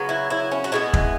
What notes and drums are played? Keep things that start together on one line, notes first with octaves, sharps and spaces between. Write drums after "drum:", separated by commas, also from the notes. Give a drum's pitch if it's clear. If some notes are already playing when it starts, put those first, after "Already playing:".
Already playing: C#3 F#3 B3
E4
E4
C#4
F#4
B2 G#3 B3 E4
drum: kick